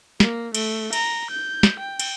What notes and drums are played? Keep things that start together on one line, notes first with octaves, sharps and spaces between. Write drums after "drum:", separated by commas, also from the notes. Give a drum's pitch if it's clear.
A#3, drum: snare
A3, drum: cymbal
A#5, drum: cymbal
G6
drum: snare
G5
drum: cymbal